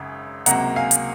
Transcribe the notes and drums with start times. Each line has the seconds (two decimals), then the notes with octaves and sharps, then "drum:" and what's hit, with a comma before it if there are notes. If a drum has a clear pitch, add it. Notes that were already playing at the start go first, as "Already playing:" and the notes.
Already playing: G#1 F#2 C#3
0.46 C#2 C3 F#3 A#3 F#5 A#5, drum: hi-hat
0.76 F5 G#5
0.91 drum: hi-hat